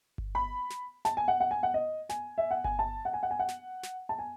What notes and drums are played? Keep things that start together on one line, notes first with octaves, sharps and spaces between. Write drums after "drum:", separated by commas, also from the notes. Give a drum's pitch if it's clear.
drum: kick G1
B5
drum: snare
A5, drum: snare
G#5
F#5
F#5
G#5
F#5
D#5
G#5, drum: snare
E5
F#5
G#5, drum: kick G1
A5
F#5
G#5
F#5
G#5
F#5
drum: snare
drum: snare
A5
G#5